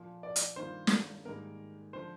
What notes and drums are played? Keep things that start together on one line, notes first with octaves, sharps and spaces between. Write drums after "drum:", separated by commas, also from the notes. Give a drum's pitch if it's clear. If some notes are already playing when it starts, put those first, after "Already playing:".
Already playing: A#2 F3 A#3 F4
D5
drum: hi-hat
G2 D#3 A#3 F4 C5
drum: snare
G#2 D#3 G3 A#3 A#4
D3 F3 C5